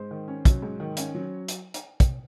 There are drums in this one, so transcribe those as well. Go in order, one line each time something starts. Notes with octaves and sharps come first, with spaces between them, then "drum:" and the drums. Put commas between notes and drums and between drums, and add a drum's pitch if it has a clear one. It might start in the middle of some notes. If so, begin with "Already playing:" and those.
Already playing: G#2 C5
D#3
C#4
F#3, drum: kick, hi-hat
G#2
D#3
C#4, drum: hi-hat
F#3
drum: hi-hat
drum: hi-hat
drum: kick, hi-hat